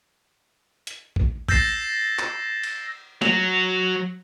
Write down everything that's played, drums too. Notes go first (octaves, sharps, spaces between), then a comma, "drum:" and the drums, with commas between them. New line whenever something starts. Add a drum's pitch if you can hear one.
drum: hi-hat
drum: kick
E6 G6 A6 A#6 C7 E7, drum: kick
drum: clap
drum: cymbal
F#3, drum: snare